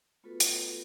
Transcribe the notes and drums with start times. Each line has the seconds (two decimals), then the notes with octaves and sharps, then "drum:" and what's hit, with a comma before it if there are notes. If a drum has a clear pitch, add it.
0.24 A3 B3 F4 F#4 A4 B4
0.40 drum: hi-hat